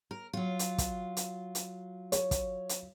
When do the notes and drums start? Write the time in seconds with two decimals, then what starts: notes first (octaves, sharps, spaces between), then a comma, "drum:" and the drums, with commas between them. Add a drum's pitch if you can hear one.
0.11 A#4
0.33 F#3 F4
0.59 drum: hi-hat
0.78 drum: kick, hi-hat
1.17 drum: hi-hat
1.55 drum: hi-hat
2.12 C#5, drum: hi-hat
2.31 drum: kick, hi-hat
2.69 drum: hi-hat